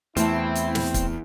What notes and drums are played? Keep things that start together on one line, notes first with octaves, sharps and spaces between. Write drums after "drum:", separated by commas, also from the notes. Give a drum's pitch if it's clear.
E2 A3 C4 E4 A5, drum: hi-hat
drum: hi-hat
drum: snare
drum: kick, hi-hat